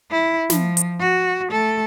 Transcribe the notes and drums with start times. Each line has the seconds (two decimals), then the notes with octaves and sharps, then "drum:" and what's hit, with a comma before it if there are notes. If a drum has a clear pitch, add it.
0.11 E4
0.50 F3, drum: snare
0.77 drum: hi-hat
1.00 F#4
1.52 A3 A4